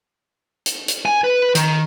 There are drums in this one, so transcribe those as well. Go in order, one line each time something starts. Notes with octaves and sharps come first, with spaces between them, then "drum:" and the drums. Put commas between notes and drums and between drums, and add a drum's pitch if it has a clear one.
drum: hi-hat
drum: hi-hat
G#5
B4
D#3, drum: hi-hat